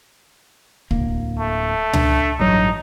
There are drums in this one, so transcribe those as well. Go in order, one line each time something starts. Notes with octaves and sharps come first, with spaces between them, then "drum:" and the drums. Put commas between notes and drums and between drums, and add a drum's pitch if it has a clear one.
D1 A#3, drum: kick
A3
D4, drum: tom C#2
A1 G2 F#3 D#4